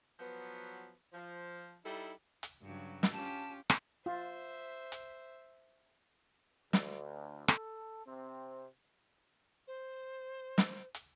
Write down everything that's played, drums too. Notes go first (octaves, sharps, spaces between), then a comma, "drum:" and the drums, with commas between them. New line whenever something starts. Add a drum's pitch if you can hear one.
F3 F#3 B3
F3
G3 D#4 E4 A4
drum: hi-hat
G2 C#3 F#3
drum: snare
C#4 F4 G4 A5
drum: rim click
F4 C5 E5
drum: hi-hat
D2, drum: snare
A4, drum: rim click
C3 C4
C5
drum: snare
drum: hi-hat